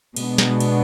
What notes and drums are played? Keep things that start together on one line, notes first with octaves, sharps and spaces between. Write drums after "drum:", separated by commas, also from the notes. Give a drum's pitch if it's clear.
B2 G#3 B3 D4, drum: cymbal
drum: snare
drum: cymbal